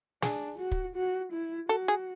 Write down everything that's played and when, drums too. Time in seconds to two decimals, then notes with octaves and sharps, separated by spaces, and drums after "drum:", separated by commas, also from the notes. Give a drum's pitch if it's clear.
0.22 D4 G#4, drum: snare
0.59 F#4
0.72 drum: kick
0.96 F#4
1.33 E4
1.69 F#4 A4
1.88 G#4